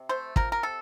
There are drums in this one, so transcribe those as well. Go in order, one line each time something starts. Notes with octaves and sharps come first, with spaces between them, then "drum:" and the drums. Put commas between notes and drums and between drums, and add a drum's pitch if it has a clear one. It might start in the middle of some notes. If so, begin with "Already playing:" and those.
Already playing: C3
A3 C5
F3 A#4, drum: kick
A#4
C3 A4